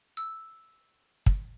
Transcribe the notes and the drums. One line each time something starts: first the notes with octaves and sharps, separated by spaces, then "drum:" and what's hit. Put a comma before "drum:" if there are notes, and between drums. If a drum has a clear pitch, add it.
E6
drum: kick